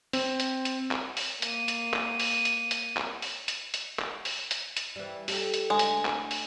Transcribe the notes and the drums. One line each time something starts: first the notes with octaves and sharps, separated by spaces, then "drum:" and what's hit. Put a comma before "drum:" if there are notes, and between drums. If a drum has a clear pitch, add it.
C4, drum: open hi-hat
drum: hi-hat
drum: hi-hat
drum: clap
drum: open hi-hat
A#3 D#7, drum: hi-hat
drum: hi-hat
drum: clap
drum: open hi-hat
drum: hi-hat
drum: hi-hat
drum: clap
drum: open hi-hat
drum: hi-hat
drum: hi-hat
drum: clap
drum: open hi-hat
drum: hi-hat
drum: hi-hat
E3 G3
G4 A4, drum: open hi-hat
drum: hi-hat
D2 G#3
drum: hi-hat
drum: clap
drum: open hi-hat